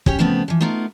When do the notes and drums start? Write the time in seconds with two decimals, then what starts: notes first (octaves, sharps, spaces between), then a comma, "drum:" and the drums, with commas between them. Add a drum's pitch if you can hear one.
0.06 C#4 G4 C#5, drum: kick
0.19 C#3 F3 A3 B3 C4
0.48 E3 F3
0.61 A3 B3 D#4 F4 A#4